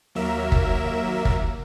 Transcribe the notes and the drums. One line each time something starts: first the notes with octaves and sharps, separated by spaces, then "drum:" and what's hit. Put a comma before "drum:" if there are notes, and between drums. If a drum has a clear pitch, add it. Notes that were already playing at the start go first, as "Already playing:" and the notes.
D#2 F#3 A#3 A#4 E5 E7
drum: kick
drum: kick